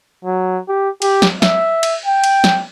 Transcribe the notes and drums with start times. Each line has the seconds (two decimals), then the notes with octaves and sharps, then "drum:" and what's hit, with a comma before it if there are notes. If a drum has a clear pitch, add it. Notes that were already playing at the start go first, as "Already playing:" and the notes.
0.24 F#3
0.68 G4
1.02 G4, drum: cymbal
1.22 drum: snare
1.42 E5, drum: snare
1.83 drum: cymbal
2.06 G5
2.24 drum: cymbal
2.44 drum: snare